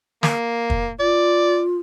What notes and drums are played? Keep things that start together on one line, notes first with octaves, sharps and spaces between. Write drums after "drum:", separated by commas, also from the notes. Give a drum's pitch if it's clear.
A#3, drum: snare
drum: kick
F4 D5